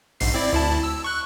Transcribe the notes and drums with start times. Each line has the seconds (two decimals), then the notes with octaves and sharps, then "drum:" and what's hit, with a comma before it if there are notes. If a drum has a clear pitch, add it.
0.20 A#1 G#2 C7, drum: open hi-hat
0.34 C4 E4 D5
0.53 D2 E4 A5
0.83 E6
1.04 C#6 F#6